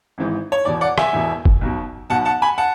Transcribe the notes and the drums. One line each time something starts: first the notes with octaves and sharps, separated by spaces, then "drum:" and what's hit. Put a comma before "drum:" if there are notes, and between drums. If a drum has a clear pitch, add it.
G#1 G#2 E3
C#5
E1 E2 B2 D5
D5 F#5
E5 G#5, drum: rim click
E1 E2 B2
drum: kick F1
B1 B2
B1 B2 F#5 A5
F#5 A5
G#5 B5
F#5 A5